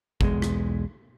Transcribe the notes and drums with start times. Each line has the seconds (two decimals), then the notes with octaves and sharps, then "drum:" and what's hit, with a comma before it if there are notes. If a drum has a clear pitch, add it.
0.21 B1 E2 G#3, drum: kick
0.42 drum: rim click